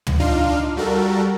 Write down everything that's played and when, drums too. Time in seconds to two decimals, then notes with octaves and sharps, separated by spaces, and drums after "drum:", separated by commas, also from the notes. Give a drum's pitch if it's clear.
0.07 drum: tom
0.20 D4 D#4 F4 F5
0.77 G3 F#4 A4 A#4